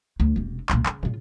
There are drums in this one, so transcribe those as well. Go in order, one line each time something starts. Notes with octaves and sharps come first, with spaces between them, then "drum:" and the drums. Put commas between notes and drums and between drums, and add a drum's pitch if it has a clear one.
D2
E1 C3
C#2 A#2, drum: clap
C#3, drum: clap
C#3 F4, drum: tom